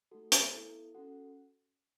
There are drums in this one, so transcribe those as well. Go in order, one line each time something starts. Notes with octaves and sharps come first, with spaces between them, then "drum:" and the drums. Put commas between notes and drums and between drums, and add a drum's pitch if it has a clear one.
A3 D#4 F#4 A4
drum: hi-hat
B3 E4 A4
C#4 F#4 A4 F#5